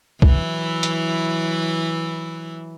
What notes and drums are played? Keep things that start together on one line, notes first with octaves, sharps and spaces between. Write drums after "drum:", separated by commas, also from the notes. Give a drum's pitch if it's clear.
E3 F#3 E4, drum: kick
drum: hi-hat